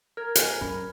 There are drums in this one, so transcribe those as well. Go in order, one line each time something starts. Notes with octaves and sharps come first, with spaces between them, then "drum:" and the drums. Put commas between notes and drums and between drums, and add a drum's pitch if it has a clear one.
A#4 F6 G#6
C5 G#5 F#6, drum: hi-hat
F#2 C#4 B5